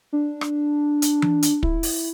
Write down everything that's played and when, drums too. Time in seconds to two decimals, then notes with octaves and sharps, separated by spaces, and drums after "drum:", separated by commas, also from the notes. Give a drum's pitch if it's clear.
0.13 D4
0.41 drum: rim click
1.02 drum: hi-hat
1.22 drum: tom E3
1.42 drum: hi-hat
1.63 E4, drum: kick
1.83 drum: open hi-hat